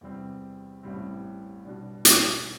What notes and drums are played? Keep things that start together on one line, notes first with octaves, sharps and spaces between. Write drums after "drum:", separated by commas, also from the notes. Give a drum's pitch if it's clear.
E2 C3 G3 C4
A1 A2 G3 C4
B2 G3 D4
drum: hi-hat